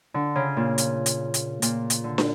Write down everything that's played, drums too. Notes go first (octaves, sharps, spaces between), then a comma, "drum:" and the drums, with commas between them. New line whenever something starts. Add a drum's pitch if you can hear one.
D3
C#3
A#2
drum: hi-hat
drum: hi-hat
drum: hi-hat
A#2, drum: hi-hat
drum: hi-hat
D3
drum: snare